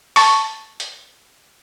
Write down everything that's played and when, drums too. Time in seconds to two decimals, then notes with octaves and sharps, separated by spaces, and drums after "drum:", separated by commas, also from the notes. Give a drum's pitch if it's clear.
0.16 A5 C#6, drum: open hi-hat
0.80 drum: hi-hat